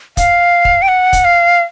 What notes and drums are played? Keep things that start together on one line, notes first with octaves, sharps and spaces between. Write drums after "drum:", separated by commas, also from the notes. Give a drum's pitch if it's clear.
F5, drum: kick, hi-hat
drum: kick
G5
F#5
drum: kick, hi-hat
F5